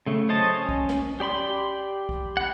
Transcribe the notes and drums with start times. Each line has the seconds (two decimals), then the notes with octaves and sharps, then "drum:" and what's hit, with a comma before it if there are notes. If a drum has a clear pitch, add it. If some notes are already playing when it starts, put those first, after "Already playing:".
0.07 C#3 A3
0.29 F#3 C5 C#5 D#5 A5
0.54 C#4
0.69 drum: kick B1
0.89 drum: snare
1.20 G4 D5 B5 C6
2.09 drum: kick B1
2.37 F#5 B5